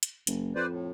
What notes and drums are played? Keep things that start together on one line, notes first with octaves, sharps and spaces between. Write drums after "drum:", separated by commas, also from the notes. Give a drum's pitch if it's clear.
drum: hi-hat
F#1, drum: hi-hat
F2 B4 C5 D5
A2